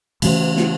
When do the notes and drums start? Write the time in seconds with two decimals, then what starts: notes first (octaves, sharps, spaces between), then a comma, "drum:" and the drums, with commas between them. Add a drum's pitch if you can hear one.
0.22 C#3 E3 A3 C#4, drum: cymbal
0.57 drum: snare